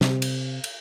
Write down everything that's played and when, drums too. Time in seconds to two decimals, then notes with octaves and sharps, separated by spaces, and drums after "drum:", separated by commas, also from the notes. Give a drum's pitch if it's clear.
0.01 C3, drum: snare
0.22 drum: cymbal
0.64 drum: cymbal